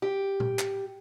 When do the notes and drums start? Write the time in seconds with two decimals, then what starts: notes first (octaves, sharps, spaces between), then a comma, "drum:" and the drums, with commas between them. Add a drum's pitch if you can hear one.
0.02 G4
0.40 drum: tom A#2
0.59 drum: clap